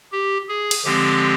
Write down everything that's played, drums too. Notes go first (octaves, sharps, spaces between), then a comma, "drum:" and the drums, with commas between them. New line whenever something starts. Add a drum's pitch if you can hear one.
G4
G#4
drum: cymbal
D3 F3 G#3 C4 G4